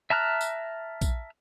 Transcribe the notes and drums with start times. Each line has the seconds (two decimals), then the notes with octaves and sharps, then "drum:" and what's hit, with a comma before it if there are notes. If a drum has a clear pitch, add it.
0.10 E5 A5 A#5 F6 F#6
0.41 drum: tambourine
1.01 drum: kick, tambourine